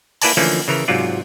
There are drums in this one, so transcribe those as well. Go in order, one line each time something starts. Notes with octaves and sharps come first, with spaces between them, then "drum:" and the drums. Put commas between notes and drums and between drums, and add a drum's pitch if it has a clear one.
A#3 E4 B4 D5 G#5 A5, drum: open hi-hat
D3 E3 F3 A3 A#3 C#4
C#3 E3 A#4
G#2 C3 F#3 F4 D5